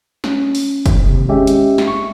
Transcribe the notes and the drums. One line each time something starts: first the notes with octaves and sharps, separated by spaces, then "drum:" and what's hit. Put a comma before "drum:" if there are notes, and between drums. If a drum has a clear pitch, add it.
C#4, drum: snare
drum: open hi-hat
drum: kick, hi-hat
D#2 C3
G#3 C#4 G4 E5
drum: hi-hat
drum: snare
C#6